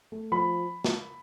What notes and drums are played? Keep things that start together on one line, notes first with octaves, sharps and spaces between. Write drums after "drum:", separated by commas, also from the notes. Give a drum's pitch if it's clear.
A3
F3 B5
drum: snare